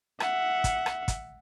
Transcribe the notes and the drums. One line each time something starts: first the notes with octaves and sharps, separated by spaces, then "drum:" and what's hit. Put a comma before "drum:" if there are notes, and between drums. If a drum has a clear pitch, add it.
E5 F#5, drum: rim click
drum: kick, hi-hat
drum: rim click
drum: kick, hi-hat